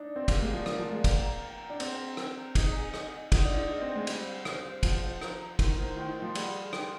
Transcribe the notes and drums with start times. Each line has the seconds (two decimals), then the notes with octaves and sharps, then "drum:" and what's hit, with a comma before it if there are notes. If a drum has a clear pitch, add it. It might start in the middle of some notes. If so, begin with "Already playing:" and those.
Already playing: D4 D#4
0.09 D5
0.16 C4
0.28 A#3 G4, drum: kick, cymbal
0.41 G#3
0.47 D5
0.53 F3
0.66 F3 A#4, drum: rim click
0.79 F3
0.85 D5
0.92 G#3
1.04 A#3 G5, drum: kick, cymbal
1.23 A#5
1.43 G5
1.61 A#5
1.70 D4
1.80 C4 G5, drum: cymbal
1.99 G5
2.17 G5, drum: rim click
2.37 A#5
2.55 D#4 G#4, drum: kick, cymbal
2.74 G#5
2.94 D#5, drum: rim click
3.12 D#5
3.32 D#4 F4, drum: kick, cymbal
3.44 D4
3.50 G#4
3.57 D#4
3.69 D#5
3.82 C4
3.88 G#5
3.95 G#3
4.07 G3 C5, drum: cymbal
4.26 F5
4.45 C5, drum: rim click
4.64 C5
4.83 F3 F5, drum: kick, cymbal
5.02 C5
5.21 A#5, drum: rim click
5.40 A#5
5.59 D#3 C6, drum: kick, cymbal
5.78 D#3 C5
5.97 D#3 G5
6.09 D#3
6.17 C6
6.22 F3
6.35 G3 G#4, drum: cymbal
6.54 C6
6.73 G5, drum: rim click